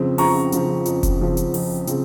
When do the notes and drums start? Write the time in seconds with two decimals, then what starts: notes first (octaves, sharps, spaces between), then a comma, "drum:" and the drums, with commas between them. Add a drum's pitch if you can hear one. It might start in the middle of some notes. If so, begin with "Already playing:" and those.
Already playing: F2 C#3 F3 C4
0.18 F2 A#5 C#6, drum: open hi-hat
0.52 C#3 F3 C4, drum: hi-hat
0.85 F2, drum: hi-hat
1.03 drum: kick F1, hi-hat
1.20 C#3 F3 C4
1.37 drum: hi-hat
1.54 F2, drum: open hi-hat
1.87 C#3 F3 C4, drum: hi-hat